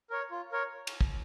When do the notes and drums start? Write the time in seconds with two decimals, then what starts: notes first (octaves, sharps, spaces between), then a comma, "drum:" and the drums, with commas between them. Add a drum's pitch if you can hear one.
0.10 A#4 C#5
0.31 F4
0.52 A#4 C#5
0.87 drum: cymbal
1.01 drum: kick